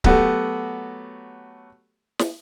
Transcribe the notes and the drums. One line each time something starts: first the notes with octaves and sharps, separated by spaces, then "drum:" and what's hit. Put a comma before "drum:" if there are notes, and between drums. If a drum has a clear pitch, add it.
F#3 A3 B3 F#4 G4 A4, drum: kick C#1
drum: snare